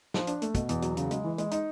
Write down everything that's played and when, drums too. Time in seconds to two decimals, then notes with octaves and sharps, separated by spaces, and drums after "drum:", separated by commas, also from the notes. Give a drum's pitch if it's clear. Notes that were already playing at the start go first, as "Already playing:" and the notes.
0.14 F3, drum: snare
0.27 D4, drum: hi-hat
0.42 A3, drum: hi-hat
0.55 B2, drum: kick, hi-hat
0.69 E2, drum: hi-hat
0.82 F#3, drum: hi-hat
0.97 C#3, drum: hi-hat
1.11 G#3, drum: hi-hat
1.24 E3
1.38 G#3, drum: hi-hat
1.51 D#4, drum: hi-hat